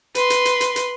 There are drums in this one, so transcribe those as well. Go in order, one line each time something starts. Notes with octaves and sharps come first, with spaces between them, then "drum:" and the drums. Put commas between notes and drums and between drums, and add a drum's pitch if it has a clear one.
B4 C6, drum: hi-hat
drum: hi-hat
drum: hi-hat
drum: hi-hat
drum: hi-hat